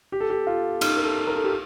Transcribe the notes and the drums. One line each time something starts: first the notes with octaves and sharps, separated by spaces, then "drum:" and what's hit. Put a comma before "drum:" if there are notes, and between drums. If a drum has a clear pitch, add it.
G4
A4
G4
F4
D#4, drum: cymbal
A#4
A4
A#4
A4
G4